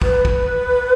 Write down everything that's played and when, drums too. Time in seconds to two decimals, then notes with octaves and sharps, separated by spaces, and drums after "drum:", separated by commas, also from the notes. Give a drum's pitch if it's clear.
0.02 B4, drum: kick
0.25 drum: kick